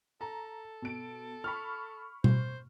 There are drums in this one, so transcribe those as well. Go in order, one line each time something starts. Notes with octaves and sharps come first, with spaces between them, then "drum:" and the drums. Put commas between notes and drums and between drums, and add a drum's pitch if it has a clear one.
A4 A#5
B2 D7
B5 C#6 F6
C5, drum: tom B2